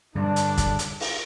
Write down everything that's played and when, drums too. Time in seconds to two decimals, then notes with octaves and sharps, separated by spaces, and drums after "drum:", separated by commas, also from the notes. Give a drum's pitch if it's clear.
0.15 G2 D3 G3 D4
0.36 drum: hi-hat
0.58 drum: kick G1, hi-hat
0.79 drum: hi-hat
1.00 drum: open hi-hat